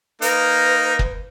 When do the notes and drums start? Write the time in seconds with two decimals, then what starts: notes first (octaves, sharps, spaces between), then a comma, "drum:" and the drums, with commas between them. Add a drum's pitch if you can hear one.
0.22 A#3 D#4 A#4 B4, drum: hi-hat
0.99 drum: kick